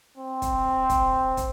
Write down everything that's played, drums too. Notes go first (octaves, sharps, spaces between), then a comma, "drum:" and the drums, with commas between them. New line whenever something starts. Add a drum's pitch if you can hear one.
C4
drum: kick, hi-hat
drum: kick, hi-hat
drum: kick, hi-hat